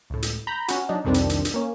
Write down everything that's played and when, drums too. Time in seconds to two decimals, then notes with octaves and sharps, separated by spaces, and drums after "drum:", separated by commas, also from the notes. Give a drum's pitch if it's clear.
0.10 C#2 A2
0.22 drum: hi-hat
0.47 A#5 B5 G6
0.68 C#4 F#4, drum: hi-hat
0.89 F#3 D4 D#4
1.05 C2 F2 D#3 G3 C4 D4
1.14 drum: hi-hat
1.30 drum: hi-hat
1.45 drum: hi-hat
1.54 A#3 C#4